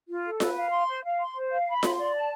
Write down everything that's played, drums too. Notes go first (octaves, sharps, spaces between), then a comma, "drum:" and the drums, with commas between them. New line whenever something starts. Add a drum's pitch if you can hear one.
F4
A4
B4, drum: snare F4
F5
C6
C5
F5
C6
C5
F5
B5
C6, drum: snare F4
D5
A5